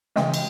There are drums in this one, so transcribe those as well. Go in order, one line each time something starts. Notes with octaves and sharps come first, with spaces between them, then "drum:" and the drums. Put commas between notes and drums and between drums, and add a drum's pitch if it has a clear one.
C#3 E3 G#3 C#4 D#5 G5, drum: snare
drum: cymbal